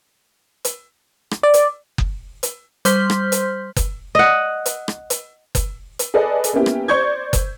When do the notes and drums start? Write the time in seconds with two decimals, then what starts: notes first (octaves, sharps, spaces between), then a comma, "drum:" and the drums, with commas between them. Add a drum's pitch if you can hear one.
0.65 drum: hi-hat
1.31 drum: rim click
1.43 D5
1.54 drum: hi-hat
1.98 drum: kick F#1
2.43 drum: hi-hat
2.85 G3 C5 C6 F6 G6 B6, drum: hi-hat
3.10 drum: rim click
3.32 drum: hi-hat
3.76 drum: kick F#1, hi-hat
4.15 D#5 F#5
4.66 drum: hi-hat
4.88 drum: rim click
5.10 drum: hi-hat
5.55 drum: kick F#1, hi-hat
5.99 drum: hi-hat
6.14 G#4 A4 B4 D5 D#5
6.44 drum: hi-hat
6.53 A#3 B3 C#4 E4 G4
6.66 drum: rim click
6.88 C5 D5 C#6 G6 G#6
7.33 drum: kick F#1, hi-hat